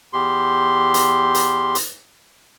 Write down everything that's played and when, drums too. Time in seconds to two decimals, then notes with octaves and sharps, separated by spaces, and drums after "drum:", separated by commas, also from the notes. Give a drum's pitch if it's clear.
0.13 E2 G4 C6
0.94 drum: hi-hat
1.34 drum: hi-hat
1.75 drum: hi-hat